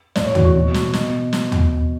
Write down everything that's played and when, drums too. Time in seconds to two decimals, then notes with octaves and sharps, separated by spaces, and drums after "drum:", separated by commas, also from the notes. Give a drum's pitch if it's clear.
0.15 A2 D5, drum: snare
0.26 C#5
0.35 E3 F#4, drum: tom
0.45 F#4
0.55 B2
0.74 drum: snare
0.93 B2, drum: snare
1.33 drum: snare
1.52 drum: tom